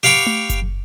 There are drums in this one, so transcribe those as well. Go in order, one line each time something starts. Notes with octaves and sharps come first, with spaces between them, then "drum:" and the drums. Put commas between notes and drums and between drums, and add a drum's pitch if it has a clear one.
G4 F5 F#5 B5 C#6 D6
drum: tom A3
drum: kick F#1, hi-hat